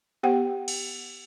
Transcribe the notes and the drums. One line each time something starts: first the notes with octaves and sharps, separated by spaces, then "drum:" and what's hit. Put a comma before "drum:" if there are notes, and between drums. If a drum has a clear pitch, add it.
B3 G4 C5 F#5 G5
drum: cymbal